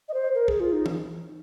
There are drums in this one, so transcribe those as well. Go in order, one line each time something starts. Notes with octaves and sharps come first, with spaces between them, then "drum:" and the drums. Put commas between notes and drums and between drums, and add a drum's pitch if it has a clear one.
D#5
C5
A#4
G#4, drum: kick
F4
D#4
drum: tom